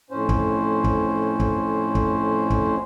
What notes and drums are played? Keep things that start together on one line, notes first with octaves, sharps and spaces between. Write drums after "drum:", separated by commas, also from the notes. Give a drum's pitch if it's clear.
F2 A2 C#4 C5
drum: kick
drum: kick
drum: kick
drum: kick
drum: kick